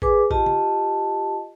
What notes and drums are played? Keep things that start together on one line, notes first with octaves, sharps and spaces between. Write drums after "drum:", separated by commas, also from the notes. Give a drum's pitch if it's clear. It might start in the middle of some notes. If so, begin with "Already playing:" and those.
G#4 B4 G#5 D6, drum: kick A1
F4 G4 D#5 A5, drum: kick A1
drum: tom